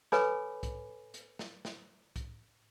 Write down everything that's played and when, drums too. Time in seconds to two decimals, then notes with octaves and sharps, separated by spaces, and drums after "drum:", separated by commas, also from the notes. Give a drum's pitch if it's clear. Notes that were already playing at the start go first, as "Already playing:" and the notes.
0.12 A4 B4 C#5 G#5 B5 D6, drum: snare
0.63 drum: kick, hi-hat
1.14 drum: hi-hat
1.39 drum: snare
1.65 drum: snare
2.16 drum: kick, hi-hat